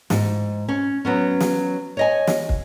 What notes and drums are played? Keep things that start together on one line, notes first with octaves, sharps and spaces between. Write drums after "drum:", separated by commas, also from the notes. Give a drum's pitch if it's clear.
G#2, drum: snare
C#4
F#3 B3 C#4
drum: snare
C#5 D#5 G#5
drum: snare
drum: kick